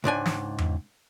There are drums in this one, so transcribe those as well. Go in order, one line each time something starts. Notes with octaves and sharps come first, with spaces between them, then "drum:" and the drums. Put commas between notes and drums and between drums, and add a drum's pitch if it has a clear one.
C#2 G#2 D4 G#5
drum: snare
drum: tom E2